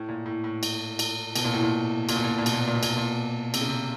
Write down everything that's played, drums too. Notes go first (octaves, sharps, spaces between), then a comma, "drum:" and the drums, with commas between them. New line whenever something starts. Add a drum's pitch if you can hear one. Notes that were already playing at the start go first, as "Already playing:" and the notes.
Already playing: A2
A#2
A2
A2
drum: cymbal
drum: cymbal
B2, drum: cymbal
A#2
A2
A#2
A#2, drum: cymbal
B2
A#2
B2
A#2
B2, drum: cymbal
A#2
B2
A#2
B2
A#2, drum: cymbal
B2
A#2
C3, drum: cymbal
C#3
C3